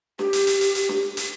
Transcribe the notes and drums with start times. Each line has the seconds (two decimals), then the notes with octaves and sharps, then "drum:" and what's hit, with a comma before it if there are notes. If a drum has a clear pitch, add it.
0.19 G4, drum: snare
0.33 drum: hi-hat
0.47 drum: hi-hat
0.61 drum: hi-hat
0.75 drum: hi-hat
0.89 drum: snare
1.17 drum: hi-hat